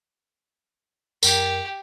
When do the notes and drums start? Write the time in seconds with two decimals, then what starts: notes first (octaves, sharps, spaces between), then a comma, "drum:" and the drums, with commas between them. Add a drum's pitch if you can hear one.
1.23 F#2 G4 A#4, drum: tambourine